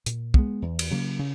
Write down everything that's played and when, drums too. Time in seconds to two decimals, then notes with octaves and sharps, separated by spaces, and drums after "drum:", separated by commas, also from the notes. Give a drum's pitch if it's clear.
0.06 A#2, drum: hi-hat
0.34 G#3 B3, drum: kick
0.62 E2
0.79 drum: cymbal
0.91 C#3 F#3 A#3
1.19 C#3